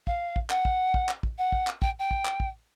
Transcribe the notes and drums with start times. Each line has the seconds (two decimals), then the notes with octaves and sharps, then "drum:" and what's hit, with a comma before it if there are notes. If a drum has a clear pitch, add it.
0.07 F5, drum: kick
0.36 drum: kick
0.50 F#5, drum: clap
0.65 drum: kick
0.94 drum: kick
1.09 drum: clap
1.23 drum: kick
1.38 F#5
1.52 drum: kick
1.67 drum: clap
1.82 G5, drum: kick
1.99 G5
2.11 drum: kick
2.25 drum: clap
2.40 drum: kick